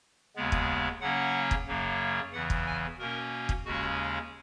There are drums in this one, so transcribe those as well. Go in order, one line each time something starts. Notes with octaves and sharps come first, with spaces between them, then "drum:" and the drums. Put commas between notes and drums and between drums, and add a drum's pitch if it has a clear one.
D#2 C#3 G#3 B3
drum: kick
C#3 F#3 A#3 C#4 F#5
drum: kick
F#2 C#3 F#3 A#3
E2 C#3 E3 F#5
drum: kick
G#5
B2 A#3 C#4 A#4
drum: kick
D#2 C#3 G#3 C#4 F#4